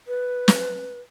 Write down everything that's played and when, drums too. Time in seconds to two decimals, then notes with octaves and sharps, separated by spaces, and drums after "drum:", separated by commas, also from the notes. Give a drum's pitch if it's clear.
0.08 B4
0.48 drum: snare